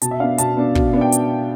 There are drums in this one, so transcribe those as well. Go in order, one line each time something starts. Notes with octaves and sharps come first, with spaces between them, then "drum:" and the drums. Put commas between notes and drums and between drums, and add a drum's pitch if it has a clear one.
B2 A5, drum: hi-hat
E5
B3 D4 F5
B2 A5, drum: hi-hat
B3 D4
B2, drum: kick
B3 D4
G5
drum: hi-hat